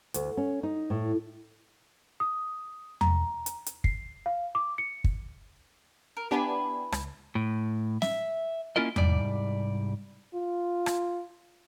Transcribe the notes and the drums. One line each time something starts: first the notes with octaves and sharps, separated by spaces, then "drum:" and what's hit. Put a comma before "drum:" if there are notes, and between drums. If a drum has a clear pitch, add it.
D2, drum: hi-hat
C#4
D#4
A2
D#6
A#5, drum: tom E2
drum: hi-hat
drum: hi-hat
C7, drum: kick
F5
D6
C#7
drum: kick
A#4
B3 D4 E4 G4 B4 G#5
C#2, drum: rim click
A2
E5, drum: snare
A#3 C#4 E4 F4 A#4 D#5
C2 G#2 G3 D5, drum: tom E2
F4
drum: rim click